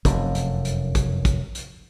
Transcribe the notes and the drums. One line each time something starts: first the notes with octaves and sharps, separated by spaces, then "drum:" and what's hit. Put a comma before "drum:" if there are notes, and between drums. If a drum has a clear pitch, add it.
F1 F#2, drum: kick, hi-hat
drum: hi-hat
drum: hi-hat
drum: kick, hi-hat
drum: kick, hi-hat
drum: hi-hat